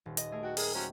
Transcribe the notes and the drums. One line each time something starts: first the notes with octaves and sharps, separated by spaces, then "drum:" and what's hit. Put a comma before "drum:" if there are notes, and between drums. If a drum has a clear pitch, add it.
D#1
D#5, drum: hi-hat
A3 G#4 A#4
F#4 G5
G#4 A#4, drum: open hi-hat
F#3 C#4 C5